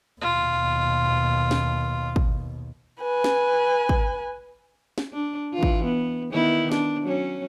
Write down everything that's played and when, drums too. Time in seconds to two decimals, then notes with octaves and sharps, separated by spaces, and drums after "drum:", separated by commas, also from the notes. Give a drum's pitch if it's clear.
0.22 D#2 B2 F4
1.51 drum: snare
2.16 drum: kick
3.03 B4 G#5
3.24 drum: snare
3.89 drum: kick
4.98 drum: snare
5.13 D4
5.53 E3 F4
5.63 drum: kick
5.84 B3
6.32 D#3 B3 E4
6.72 D4, drum: snare
7.04 F#3 C#4